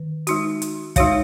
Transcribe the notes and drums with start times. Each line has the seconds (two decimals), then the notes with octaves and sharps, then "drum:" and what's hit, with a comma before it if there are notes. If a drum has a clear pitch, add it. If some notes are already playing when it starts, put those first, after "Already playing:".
Already playing: D#3
0.27 G#3 D#4 F#4, drum: hi-hat
0.62 drum: hi-hat
0.96 G#3 D#4 F#4 C#5 F5, drum: kick, hi-hat